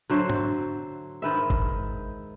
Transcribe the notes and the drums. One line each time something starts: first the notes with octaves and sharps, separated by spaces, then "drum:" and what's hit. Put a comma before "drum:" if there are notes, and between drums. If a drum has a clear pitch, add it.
D3 F#3 C5 E5
drum: tom G#2
G#2 D#3 B4 E5
drum: kick G1